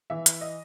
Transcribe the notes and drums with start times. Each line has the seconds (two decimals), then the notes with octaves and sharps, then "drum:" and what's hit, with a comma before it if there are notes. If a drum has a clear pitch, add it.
0.10 E3 E5
0.26 drum: hi-hat
0.41 D#5